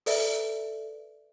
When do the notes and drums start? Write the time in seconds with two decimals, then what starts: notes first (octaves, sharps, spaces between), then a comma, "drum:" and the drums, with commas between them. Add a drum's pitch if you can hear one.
0.06 A4 B4 D5 E5, drum: open hi-hat